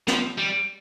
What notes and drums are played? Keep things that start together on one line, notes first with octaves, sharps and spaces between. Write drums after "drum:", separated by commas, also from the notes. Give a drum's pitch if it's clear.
F3, drum: snare
G3